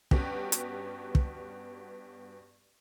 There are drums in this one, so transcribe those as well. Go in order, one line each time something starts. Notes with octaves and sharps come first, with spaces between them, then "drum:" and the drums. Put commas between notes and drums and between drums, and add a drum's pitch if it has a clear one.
G2 B3 C#4 F#4 G4, drum: kick
drum: hi-hat
drum: kick